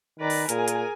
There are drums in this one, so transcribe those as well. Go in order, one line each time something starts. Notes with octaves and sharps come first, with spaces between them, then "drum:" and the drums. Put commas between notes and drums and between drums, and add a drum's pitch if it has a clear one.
D#3 B4 D5 A#5
drum: open hi-hat
A#2 G#4 A#4 G#5, drum: hi-hat
drum: hi-hat